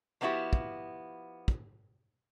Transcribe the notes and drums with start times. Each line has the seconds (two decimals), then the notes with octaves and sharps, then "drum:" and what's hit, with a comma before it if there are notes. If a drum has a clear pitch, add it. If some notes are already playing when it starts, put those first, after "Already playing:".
0.21 F3 A#3 B3 E4 F#4 G4
0.53 drum: kick
1.48 drum: kick